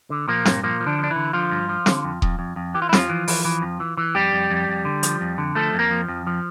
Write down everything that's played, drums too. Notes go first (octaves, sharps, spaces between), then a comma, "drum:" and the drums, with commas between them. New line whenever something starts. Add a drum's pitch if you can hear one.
D3
A#2 F3 A#3
G2, drum: snare
A#2 F3 A#3
F3
D3 D4
F3
D4
E3 E4
D3
D3 F3 F4
G2
F3
D3, drum: snare
F2
F2, drum: kick D#1
F2
F2
E3 G4
F4
E4
F2 F3 F4, drum: snare
E3
E3, drum: open hi-hat
E3
F2
E3
E3
F2 G3 G4
F2
F2
F2
D3
F3, drum: hi-hat
F2
D3
F3 A3 A4
F2
A#3 A#4
F3
F2
F3